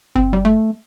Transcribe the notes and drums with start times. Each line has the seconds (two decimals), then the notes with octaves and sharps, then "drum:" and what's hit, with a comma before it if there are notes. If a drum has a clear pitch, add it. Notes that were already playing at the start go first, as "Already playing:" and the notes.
0.15 C4, drum: kick F#1
0.33 G3
0.45 A3